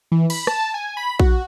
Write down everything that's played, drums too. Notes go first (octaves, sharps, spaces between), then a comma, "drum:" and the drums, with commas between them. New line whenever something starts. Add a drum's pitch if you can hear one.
E3
B5, drum: cymbal
A5, drum: rim click
G#5
B5
F#4, drum: kick A#1